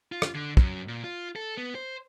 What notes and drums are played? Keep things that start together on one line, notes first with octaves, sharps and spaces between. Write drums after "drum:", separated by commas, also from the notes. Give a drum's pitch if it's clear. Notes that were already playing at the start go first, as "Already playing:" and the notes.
F4
drum: rim click
D3
F#2, drum: kick
A#2
F4
A4
B3
C5